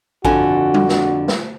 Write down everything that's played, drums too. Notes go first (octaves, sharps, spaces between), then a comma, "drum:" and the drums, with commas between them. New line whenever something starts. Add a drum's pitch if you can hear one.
F2 D3 F#4 G#5, drum: kick A1
drum: tom G3
drum: snare
drum: snare